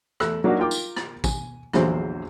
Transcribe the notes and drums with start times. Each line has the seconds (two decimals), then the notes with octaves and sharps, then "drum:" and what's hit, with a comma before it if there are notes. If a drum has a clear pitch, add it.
0.20 E2 A3 E6 F#6, drum: rim click
0.44 F#3 A#3 D4 D#4 F#4
0.59 F4 A#4 G5 D6
0.71 drum: tambourine
0.96 drum: rim click
1.24 G#5, drum: kick, tambourine
1.73 A#1 E2 D3 F#3 C5, drum: rim click